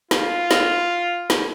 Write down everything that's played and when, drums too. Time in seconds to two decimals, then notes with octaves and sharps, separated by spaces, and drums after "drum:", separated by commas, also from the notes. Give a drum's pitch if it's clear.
0.11 F4, drum: snare
0.51 drum: snare
1.30 drum: snare